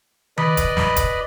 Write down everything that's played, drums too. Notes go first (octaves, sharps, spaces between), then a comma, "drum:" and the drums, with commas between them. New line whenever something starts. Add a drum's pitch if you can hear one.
B4 D5 D#5 B5, drum: tom D#3
drum: kick, hi-hat
drum: snare
drum: kick, hi-hat